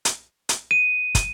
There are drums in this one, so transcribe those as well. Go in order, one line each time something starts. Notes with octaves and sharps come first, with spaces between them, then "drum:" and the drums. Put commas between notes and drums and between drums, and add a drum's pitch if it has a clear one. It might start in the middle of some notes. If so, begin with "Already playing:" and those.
drum: hi-hat
drum: hi-hat
D#7
drum: kick, hi-hat